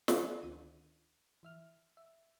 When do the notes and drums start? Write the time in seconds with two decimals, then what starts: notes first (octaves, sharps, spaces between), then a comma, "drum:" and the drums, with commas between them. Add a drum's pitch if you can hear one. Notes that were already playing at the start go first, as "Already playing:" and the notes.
0.08 F#4 G4 F5 F#5, drum: snare
0.43 D2 D#3 D4 D#7
1.43 E3 E5 F6
1.97 E5